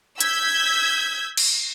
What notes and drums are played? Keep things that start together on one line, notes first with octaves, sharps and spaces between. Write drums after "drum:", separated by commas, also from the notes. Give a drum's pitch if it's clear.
E6 G6 G#6 B6, drum: hi-hat
drum: cymbal